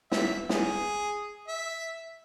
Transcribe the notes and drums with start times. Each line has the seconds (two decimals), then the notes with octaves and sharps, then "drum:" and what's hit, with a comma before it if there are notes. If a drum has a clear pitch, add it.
0.12 E5, drum: snare
0.49 G#4, drum: snare
1.48 E5